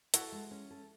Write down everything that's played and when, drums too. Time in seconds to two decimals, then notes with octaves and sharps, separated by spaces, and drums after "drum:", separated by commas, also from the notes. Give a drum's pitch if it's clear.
0.14 E4 F#4 A4, drum: hi-hat
0.32 G#3
0.51 C#4
0.71 A4